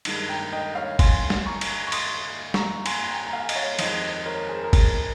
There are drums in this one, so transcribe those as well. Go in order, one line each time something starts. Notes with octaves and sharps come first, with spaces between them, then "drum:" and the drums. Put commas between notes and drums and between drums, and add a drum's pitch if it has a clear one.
G2 D#3 G#3, drum: cymbal
G5 A#5
D#5 G5
C#5 F5
G#5 C6, drum: kick G1, cymbal
drum: snare
A#5 C#6
drum: cymbal
C#6
C6 D#6, drum: cymbal
A#5 C#6, drum: snare
G#5 C6, drum: cymbal
G#5
G5 A#5
A#5
F5 G#5
D#5, drum: cymbal
C#5 F5
F2 D#3 G#3 C5 D#5, drum: cymbal
C5 D#5
A#4 C#5
G#4 C5
A#4
G#4, drum: kick G1, cymbal